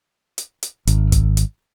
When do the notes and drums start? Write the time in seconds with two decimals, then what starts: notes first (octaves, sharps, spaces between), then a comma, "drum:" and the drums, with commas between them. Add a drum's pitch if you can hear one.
0.38 drum: hi-hat
0.63 drum: hi-hat
0.87 G#1, drum: hi-hat
1.12 drum: kick, hi-hat
1.37 drum: hi-hat